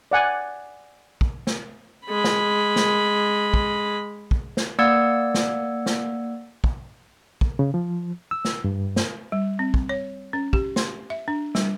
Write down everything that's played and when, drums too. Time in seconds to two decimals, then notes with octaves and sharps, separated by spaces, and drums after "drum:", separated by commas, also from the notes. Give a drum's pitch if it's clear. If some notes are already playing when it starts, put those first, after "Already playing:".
0.11 D5 F#5 G#5
1.21 drum: kick
1.47 drum: snare
2.06 G#3 B5
2.24 drum: snare
2.76 drum: snare
3.54 drum: kick
4.31 drum: kick
4.57 drum: snare
4.79 A#3 D5 F#5 E6 G#6 C#7
5.35 drum: snare
5.86 drum: snare
6.64 drum: kick
7.41 drum: kick
7.59 C#3
7.74 F3
8.31 E6
8.45 drum: snare
8.64 G2
8.96 drum: snare
9.32 G3
9.59 C4
9.74 drum: kick
9.89 C#5
10.33 C#4
10.53 G4, drum: kick
10.76 C6, drum: snare
11.10 E5
11.28 D4
11.55 G3, drum: snare